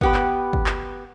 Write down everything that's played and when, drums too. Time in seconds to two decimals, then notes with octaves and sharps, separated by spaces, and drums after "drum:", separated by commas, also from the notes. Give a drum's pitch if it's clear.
0.01 B3 G4 B4, drum: kick
0.14 drum: clap
0.53 drum: kick
0.66 drum: clap